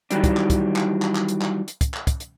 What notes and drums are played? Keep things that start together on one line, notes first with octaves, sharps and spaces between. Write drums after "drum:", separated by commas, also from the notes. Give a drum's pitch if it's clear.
D#3 E3 F#3 G3 D4, drum: hi-hat
drum: kick, hi-hat
drum: clap
drum: kick, hi-hat
drum: clap
drum: clap
drum: clap
drum: hi-hat
drum: clap
drum: hi-hat
drum: kick, hi-hat
drum: clap
drum: kick, hi-hat
drum: hi-hat